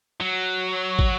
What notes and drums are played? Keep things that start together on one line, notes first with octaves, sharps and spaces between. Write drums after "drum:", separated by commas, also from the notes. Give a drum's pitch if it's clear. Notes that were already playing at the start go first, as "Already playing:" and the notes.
F#3
drum: kick